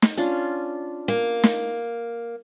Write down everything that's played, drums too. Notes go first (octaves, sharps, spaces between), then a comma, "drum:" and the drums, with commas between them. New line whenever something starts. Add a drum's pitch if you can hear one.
drum: snare
C#4 D4 F4
A#3
drum: snare